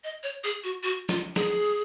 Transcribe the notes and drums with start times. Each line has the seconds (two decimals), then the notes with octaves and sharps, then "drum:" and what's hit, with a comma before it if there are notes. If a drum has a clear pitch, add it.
0.04 D#5
0.23 C#5
0.44 G#4
0.64 F#4
0.83 F#4
1.09 F4, drum: snare
1.36 G#4, drum: snare